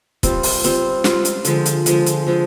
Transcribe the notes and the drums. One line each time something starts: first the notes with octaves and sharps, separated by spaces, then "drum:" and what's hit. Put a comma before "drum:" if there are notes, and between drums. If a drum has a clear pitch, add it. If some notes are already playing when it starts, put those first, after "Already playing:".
G3 C4 F4, drum: kick, hi-hat
drum: open hi-hat
G3 C4 F4, drum: hi-hat
G3 C4 F4, drum: snare
drum: hi-hat
D3 F3 G#3, drum: hi-hat
drum: hi-hat
D3 F3 G#3, drum: hi-hat
drum: hi-hat
D3 F3 G#3